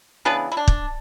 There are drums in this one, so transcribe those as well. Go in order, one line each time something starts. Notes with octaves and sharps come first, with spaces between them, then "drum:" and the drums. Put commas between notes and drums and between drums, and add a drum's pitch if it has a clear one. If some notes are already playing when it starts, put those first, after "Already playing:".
C#3 E3 B3 D4 B4
E4
D4
drum: kick